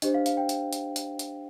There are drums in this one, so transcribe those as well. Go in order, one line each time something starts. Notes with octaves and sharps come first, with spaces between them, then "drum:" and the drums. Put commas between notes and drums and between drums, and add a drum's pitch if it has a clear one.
D4 G4 C5 D#5, drum: hi-hat
F5
F5, drum: hi-hat
G5
drum: hi-hat
drum: hi-hat
drum: hi-hat
drum: hi-hat